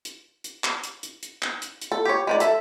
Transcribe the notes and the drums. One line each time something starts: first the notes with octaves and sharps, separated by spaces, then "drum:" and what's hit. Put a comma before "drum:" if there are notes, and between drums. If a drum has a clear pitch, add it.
drum: hi-hat
drum: hi-hat
drum: clap
drum: hi-hat
drum: hi-hat
drum: hi-hat
drum: clap
drum: hi-hat
drum: hi-hat
A4
G4 C#5
G#3 D#4 D5
A4 E5, drum: hi-hat